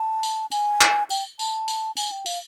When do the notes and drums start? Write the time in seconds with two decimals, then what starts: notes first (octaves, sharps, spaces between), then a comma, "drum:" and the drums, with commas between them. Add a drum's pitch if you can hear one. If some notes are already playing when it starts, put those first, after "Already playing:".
Already playing: A5
0.23 drum: tambourine
0.51 G#5, drum: tambourine
0.81 drum: clap
1.10 G5, drum: tambourine
1.39 A5, drum: tambourine
1.68 drum: tambourine
1.97 G#5, drum: tambourine
2.12 G5
2.26 F5, drum: tambourine